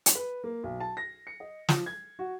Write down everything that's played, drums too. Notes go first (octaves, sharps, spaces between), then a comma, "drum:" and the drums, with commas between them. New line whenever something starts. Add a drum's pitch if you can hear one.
drum: hi-hat
B4
A#3
B1
A5
A#6
C#7
D#5
F3, drum: snare
G#6
F#4